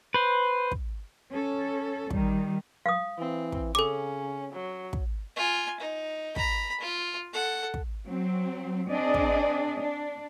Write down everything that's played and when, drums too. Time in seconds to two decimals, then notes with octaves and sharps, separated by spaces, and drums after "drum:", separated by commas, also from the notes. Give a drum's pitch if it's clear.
0.14 B4 C5
0.71 drum: kick
1.31 C#4 A4
2.10 D#3 G3, drum: kick
2.86 F5 D#6
3.18 E3 C4
3.52 drum: kick
3.75 C#3 C#4 A4 D6
4.53 F#3
4.93 drum: kick
5.36 F4 G#5
5.80 D#4
6.36 A#5 B5, drum: kick
6.80 F4
7.33 A4 F#5
7.74 drum: kick
8.06 F#3 C4
8.90 C4 D4 G#4 D5 D#5
9.14 drum: kick
9.80 D4